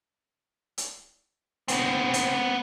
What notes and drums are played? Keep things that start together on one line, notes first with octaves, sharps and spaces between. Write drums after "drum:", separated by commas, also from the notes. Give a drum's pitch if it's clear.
drum: hi-hat
B3 C4, drum: hi-hat
drum: hi-hat